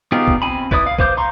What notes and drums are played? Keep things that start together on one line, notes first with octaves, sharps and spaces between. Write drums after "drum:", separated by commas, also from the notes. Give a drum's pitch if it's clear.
B3 D#4 F4 G4 G#4
drum: kick
C4 G#5 B5
E4 B4 D5 B5 D#6, drum: kick
F5
B4 C5 F5 D6 G6, drum: kick
F5 A#5 C6 C#6